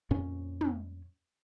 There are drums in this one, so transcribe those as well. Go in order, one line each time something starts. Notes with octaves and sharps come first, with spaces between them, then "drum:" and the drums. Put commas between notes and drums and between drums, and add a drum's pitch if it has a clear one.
F2 A#2 C#4
drum: tom